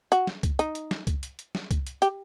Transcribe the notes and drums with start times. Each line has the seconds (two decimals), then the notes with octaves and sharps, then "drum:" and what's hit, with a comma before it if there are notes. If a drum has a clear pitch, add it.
0.12 F#4, drum: hi-hat
0.27 drum: snare
0.43 drum: kick, hi-hat
0.59 D#4, drum: hi-hat
0.75 drum: hi-hat
0.91 drum: snare
1.07 drum: kick, hi-hat
1.23 drum: hi-hat
1.39 drum: hi-hat
1.55 drum: snare
1.71 drum: kick, hi-hat
1.87 drum: hi-hat
2.02 G4, drum: hi-hat